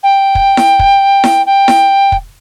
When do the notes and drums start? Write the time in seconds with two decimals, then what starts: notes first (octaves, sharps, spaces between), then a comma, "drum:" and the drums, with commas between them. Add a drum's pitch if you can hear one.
0.03 G5
0.35 drum: kick
0.57 drum: snare E4
0.79 drum: kick
1.24 drum: snare E4
1.46 G5
1.68 drum: snare E4
2.12 drum: kick